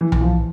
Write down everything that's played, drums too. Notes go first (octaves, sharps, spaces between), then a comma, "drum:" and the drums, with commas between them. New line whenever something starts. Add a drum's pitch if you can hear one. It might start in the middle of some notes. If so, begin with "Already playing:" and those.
E3
E3, drum: tom B1
F3